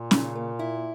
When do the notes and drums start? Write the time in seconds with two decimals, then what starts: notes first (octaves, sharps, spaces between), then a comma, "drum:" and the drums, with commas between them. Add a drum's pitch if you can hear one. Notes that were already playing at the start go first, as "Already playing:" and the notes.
Already playing: A#2
0.11 C#3, drum: snare C#4
0.35 A#3
0.59 E4